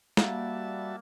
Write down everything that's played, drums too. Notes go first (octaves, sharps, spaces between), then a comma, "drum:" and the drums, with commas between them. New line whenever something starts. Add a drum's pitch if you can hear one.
G3 A#3 F#4 E5 A5, drum: snare